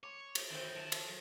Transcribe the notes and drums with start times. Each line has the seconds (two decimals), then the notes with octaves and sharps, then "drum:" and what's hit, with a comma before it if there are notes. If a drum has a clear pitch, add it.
0.03 C#5 C6 D6
0.35 B3 G#4, drum: cymbal
0.51 D#3 E3 C4 F#4 C5 G5 C6
0.76 F3 A5
0.92 drum: cymbal